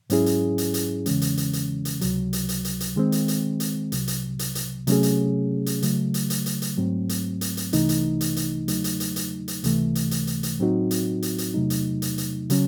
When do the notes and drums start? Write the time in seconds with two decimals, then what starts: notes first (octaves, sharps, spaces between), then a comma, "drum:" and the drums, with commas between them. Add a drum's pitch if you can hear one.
0.10 G#2 F#3 C#4 E4 G#4, drum: hi-hat
0.26 drum: hi-hat
0.58 drum: hi-hat
0.74 drum: hi-hat
1.06 E2 C#3 E3 G#3 C#4, drum: hi-hat
1.22 drum: hi-hat
1.37 drum: hi-hat
1.53 drum: hi-hat
1.85 drum: hi-hat
2.01 C#2 C3 F#3, drum: hi-hat
2.33 drum: hi-hat
2.49 drum: hi-hat
2.65 drum: hi-hat
2.80 drum: hi-hat
2.96 D#3 G#3 C4
3.12 drum: hi-hat
3.28 drum: hi-hat
3.60 drum: hi-hat
3.92 C2 C3 F#3, drum: hi-hat
4.08 drum: hi-hat
4.39 drum: hi-hat
4.55 drum: hi-hat
4.87 C3 F#3 A3 C#4 G#4, drum: hi-hat
5.03 drum: hi-hat
5.66 drum: hi-hat
5.82 C#3 F#3 A3, drum: hi-hat
6.14 drum: hi-hat
6.30 drum: hi-hat
6.46 drum: hi-hat
6.62 drum: hi-hat
6.77 G#2 F#3 A3 C4
7.09 drum: hi-hat
7.41 drum: hi-hat
7.57 drum: hi-hat
7.73 C2 C3 E3 A3 D#4, drum: hi-hat
7.89 drum: hi-hat
8.21 drum: hi-hat
8.36 drum: hi-hat
8.68 E2 C#3 F#3 A3 D#4, drum: hi-hat
8.84 drum: hi-hat
9.00 drum: hi-hat
9.16 drum: hi-hat
9.48 drum: hi-hat
9.64 C#2 C3 E3 A3, drum: hi-hat
9.95 drum: hi-hat
10.11 drum: hi-hat
10.27 drum: hi-hat
10.43 drum: hi-hat
10.59 A2 F#3 C4 D#4 F#4
10.91 drum: hi-hat
11.22 drum: hi-hat
11.38 drum: hi-hat
11.54 E2 C3 F#3 A3 D#4
11.70 drum: hi-hat
12.02 drum: hi-hat
12.18 drum: hi-hat
12.50 C#3 F#3 C#4, drum: hi-hat